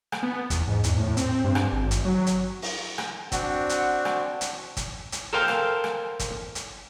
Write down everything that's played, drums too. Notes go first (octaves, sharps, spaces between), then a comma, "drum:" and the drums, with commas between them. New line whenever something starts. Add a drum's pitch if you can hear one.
drum: rim click
B3
E2, drum: kick, hi-hat
G#2
E2, drum: hi-hat
A2
C4, drum: hi-hat
G2
drum: rim click
G#1
drum: hi-hat
F#3
drum: hi-hat
drum: open hi-hat
drum: rim click
C4 D4 F#4 F#5, drum: kick, hi-hat
drum: hi-hat
drum: rim click
drum: hi-hat
drum: kick, hi-hat
drum: hi-hat
A4 A#4 C5 F5 G5 A5
drum: rim click
drum: rim click
drum: kick, hi-hat
drum: hi-hat